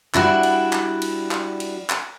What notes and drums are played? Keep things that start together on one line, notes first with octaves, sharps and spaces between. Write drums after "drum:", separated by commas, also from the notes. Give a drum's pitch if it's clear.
G3 D4 E4 F#4, drum: clap
drum: cymbal
drum: clap
drum: cymbal
drum: clap
drum: cymbal
drum: clap